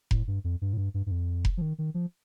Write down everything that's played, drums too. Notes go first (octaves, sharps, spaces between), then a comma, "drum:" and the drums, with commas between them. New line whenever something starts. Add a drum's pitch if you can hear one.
A2, drum: kick F1
G2
F2
G2
A2
G2
G2
G2
F2
drum: kick F1
F3
D#3
D#3
F3